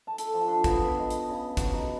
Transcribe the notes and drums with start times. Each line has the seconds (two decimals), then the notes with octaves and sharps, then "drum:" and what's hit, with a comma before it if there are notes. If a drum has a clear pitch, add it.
0.07 A5
0.18 A4, drum: hi-hat
0.34 F3
0.48 D4
0.64 B3, drum: kick, hi-hat
0.84 B4
0.99 D#5
1.10 drum: hi-hat
1.29 C#3
1.57 F#4, drum: kick, hi-hat
1.73 D#4